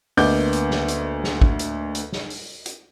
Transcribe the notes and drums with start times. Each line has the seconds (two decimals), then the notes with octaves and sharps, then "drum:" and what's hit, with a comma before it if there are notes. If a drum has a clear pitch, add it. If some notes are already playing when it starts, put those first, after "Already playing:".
0.17 D2 A#3 B3 D#5 D6 G6, drum: open hi-hat
0.53 drum: hi-hat
0.71 drum: snare
0.88 drum: hi-hat
1.24 drum: snare
1.41 drum: kick
1.59 drum: hi-hat
1.95 drum: hi-hat
2.12 drum: snare
2.30 drum: open hi-hat
2.66 drum: hi-hat